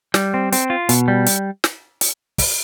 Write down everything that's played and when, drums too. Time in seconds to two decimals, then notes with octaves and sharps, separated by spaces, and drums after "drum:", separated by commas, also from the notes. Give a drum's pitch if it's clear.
0.14 G3, drum: snare
0.34 C4
0.52 C4, drum: hi-hat
0.70 F4
0.89 B2, drum: hi-hat
1.08 G3
1.26 drum: hi-hat
1.64 drum: snare
2.01 drum: hi-hat
2.38 drum: kick, open hi-hat